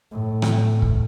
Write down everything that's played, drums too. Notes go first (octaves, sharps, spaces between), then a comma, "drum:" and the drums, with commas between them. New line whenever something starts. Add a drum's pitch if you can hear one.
A2
drum: rim click
drum: kick